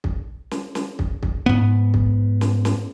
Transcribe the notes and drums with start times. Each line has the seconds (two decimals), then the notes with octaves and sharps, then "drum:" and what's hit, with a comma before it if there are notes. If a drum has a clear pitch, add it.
0.04 drum: kick
0.51 drum: snare
0.75 drum: snare
0.99 drum: kick
1.23 drum: kick
1.46 G#2 B3
1.94 drum: kick
2.41 drum: snare
2.65 drum: snare